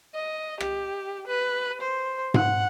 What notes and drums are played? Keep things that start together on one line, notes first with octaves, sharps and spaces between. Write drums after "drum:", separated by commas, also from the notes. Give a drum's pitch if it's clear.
D#5
G4, drum: rim click
B4
C5
F#5, drum: tom G#2